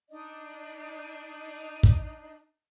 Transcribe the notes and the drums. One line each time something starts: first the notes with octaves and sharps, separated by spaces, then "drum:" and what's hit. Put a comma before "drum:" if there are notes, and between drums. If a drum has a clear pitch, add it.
D4 D#4 D5 D#5
drum: kick